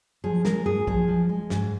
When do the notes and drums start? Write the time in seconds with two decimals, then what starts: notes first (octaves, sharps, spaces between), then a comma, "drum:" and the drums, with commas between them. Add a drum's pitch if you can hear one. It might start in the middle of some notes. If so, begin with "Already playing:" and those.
0.24 F3 G#4
0.45 G#3 A#4, drum: snare
0.66 G#2 G#4
0.87 F3 G#4, drum: kick
1.08 F3
1.29 G#3
1.50 G#2, drum: snare